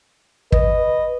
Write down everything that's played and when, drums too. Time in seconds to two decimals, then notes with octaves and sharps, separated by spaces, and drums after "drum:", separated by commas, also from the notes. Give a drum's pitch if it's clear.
0.52 B4 D#5, drum: kick